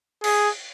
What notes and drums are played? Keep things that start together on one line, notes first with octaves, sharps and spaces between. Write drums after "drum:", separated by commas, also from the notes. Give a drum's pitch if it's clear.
G#4, drum: cymbal